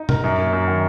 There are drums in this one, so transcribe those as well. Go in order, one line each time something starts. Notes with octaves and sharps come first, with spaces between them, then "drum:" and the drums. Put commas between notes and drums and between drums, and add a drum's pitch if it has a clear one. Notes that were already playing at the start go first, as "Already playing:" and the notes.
Already playing: D#4
A#4, drum: tom A#2
F#2
A#3
F#2
D#3